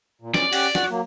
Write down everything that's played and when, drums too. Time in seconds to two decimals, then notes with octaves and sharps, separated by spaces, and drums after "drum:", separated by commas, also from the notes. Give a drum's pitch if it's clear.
0.22 A#2
0.34 C#4 D5, drum: snare
0.53 C#4 G4 F#5, drum: open hi-hat
0.75 F#4 F#5, drum: snare
0.90 F#3 A#3